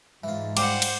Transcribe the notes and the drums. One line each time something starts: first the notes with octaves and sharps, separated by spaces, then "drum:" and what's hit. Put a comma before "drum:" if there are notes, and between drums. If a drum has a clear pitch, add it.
G#2 E3 F4
G3 F4 G4 C5 F#5 D6, drum: cymbal
drum: cymbal